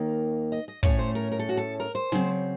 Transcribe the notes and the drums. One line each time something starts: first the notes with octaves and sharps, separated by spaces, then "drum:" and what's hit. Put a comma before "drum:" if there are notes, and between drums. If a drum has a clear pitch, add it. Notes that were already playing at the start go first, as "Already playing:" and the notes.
Already playing: D#2 D#3 A#3
D#5
D#5
A2 A3 C#4 C#5, drum: kick
C5
A#4, drum: hi-hat
A#4
A4
F#4
A4, drum: hi-hat
A#4
C5
C#3 F#3 C4, drum: snare